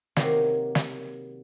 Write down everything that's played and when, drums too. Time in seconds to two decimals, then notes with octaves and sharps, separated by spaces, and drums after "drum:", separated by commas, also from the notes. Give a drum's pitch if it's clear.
0.16 C3 D#3 F#3 A#3, drum: snare
0.75 drum: snare